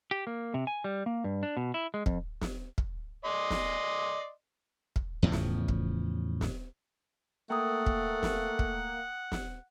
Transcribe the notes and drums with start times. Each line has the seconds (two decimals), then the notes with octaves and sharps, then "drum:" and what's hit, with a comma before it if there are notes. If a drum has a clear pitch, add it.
0.11 G4
0.27 A#3
0.54 C3
0.67 G#5
0.84 G3
1.06 A#3
1.24 G2
1.43 D4
1.57 B2
1.74 E4
1.94 G#3
2.06 F2, drum: kick
2.41 drum: snare
2.78 drum: kick
3.25 D5 D#5 C6
3.50 drum: snare
4.96 drum: kick
5.22 E2 A2 C#3 F3
5.32 drum: snare
5.68 drum: kick
6.41 drum: snare
7.50 A3 A#3 F#5 G5 D#6
7.86 drum: kick
8.23 drum: snare
8.59 drum: kick
9.32 drum: snare